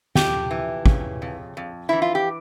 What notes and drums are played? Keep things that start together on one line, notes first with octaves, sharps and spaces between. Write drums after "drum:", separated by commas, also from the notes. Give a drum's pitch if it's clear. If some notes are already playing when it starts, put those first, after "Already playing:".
F2 G4, drum: snare
E3
C#3, drum: kick
F2
F2
E3 E4
F4
G4